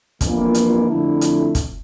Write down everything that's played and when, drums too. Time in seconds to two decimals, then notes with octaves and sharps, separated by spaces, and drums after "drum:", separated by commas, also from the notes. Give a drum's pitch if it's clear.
0.21 G1 F2 E3 A#3, drum: kick, hi-hat
0.55 drum: hi-hat
0.89 F2 D3 A3 E4
1.21 drum: hi-hat
1.55 drum: kick, hi-hat